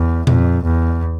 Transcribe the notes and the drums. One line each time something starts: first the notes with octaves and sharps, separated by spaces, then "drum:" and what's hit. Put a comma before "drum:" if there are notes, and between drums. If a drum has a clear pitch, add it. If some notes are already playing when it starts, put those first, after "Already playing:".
Already playing: E2
F2, drum: tom A#2
E2